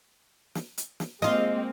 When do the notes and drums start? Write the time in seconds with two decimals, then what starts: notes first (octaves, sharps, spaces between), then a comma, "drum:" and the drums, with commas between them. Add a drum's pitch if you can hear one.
0.55 drum: snare
0.78 drum: hi-hat
1.00 drum: snare
1.22 G#3 A#3 C4 F4 D#5, drum: snare